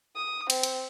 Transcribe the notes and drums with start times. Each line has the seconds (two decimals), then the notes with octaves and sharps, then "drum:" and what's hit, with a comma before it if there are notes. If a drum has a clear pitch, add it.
0.16 D#6
0.50 C4, drum: cymbal
0.63 drum: cymbal